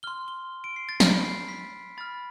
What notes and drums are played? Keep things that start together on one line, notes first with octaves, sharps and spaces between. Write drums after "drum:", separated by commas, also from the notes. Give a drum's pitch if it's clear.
C6 F6 G7
G7
D7
C7
A6
B5 F6 A6, drum: snare
C7
B6
B5 F6 A6